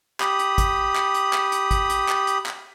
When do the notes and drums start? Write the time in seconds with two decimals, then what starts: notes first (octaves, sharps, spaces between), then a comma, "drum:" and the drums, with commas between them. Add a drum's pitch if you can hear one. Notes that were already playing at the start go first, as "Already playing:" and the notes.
0.20 G4 B5 D#6, drum: clap
0.39 drum: hi-hat
0.58 drum: kick, hi-hat
0.96 drum: clap
1.14 drum: hi-hat
1.33 drum: clap
1.52 drum: hi-hat
1.71 drum: kick, hi-hat
1.90 drum: hi-hat
2.08 drum: clap
2.27 drum: hi-hat
2.46 drum: clap